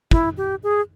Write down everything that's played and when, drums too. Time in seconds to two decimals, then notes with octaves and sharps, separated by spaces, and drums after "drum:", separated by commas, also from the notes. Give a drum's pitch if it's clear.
0.11 E4, drum: kick
0.37 G4
0.63 G#4